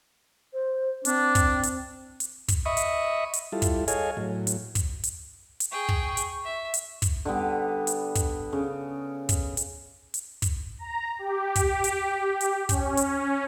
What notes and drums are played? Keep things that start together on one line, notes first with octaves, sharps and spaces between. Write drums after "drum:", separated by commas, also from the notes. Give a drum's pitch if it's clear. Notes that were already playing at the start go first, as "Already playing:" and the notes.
C5
C4 D4, drum: hi-hat
drum: kick, hi-hat
drum: hi-hat
drum: hi-hat
drum: kick, hi-hat
D#5 E5 B5 C#6 D#6
drum: hi-hat
drum: hi-hat
G3 E4 F4 A4
drum: kick, hi-hat
G#4 A4 C#5 D#5 F5 G#5, drum: hi-hat
A2 F#3
drum: hi-hat
drum: kick, hi-hat
drum: hi-hat
drum: hi-hat
G#4 G5 C#6
drum: kick
drum: hi-hat
E5
drum: hi-hat
drum: kick, hi-hat
D3 G3 B3
drum: hi-hat
drum: kick, hi-hat
C#3
drum: kick, hi-hat
drum: hi-hat
drum: hi-hat
drum: kick, hi-hat
A#5
G4
drum: kick, hi-hat
drum: hi-hat
drum: hi-hat
C#4, drum: kick, hi-hat
drum: hi-hat